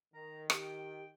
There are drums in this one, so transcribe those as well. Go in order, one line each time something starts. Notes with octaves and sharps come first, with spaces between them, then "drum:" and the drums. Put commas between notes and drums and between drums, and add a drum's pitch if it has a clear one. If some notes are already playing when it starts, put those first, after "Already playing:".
D#3 A#4 A#5
G4 G5, drum: rim click